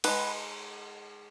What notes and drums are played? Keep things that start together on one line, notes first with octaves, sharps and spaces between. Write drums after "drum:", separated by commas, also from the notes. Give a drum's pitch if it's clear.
G#3 D#4 B4, drum: cymbal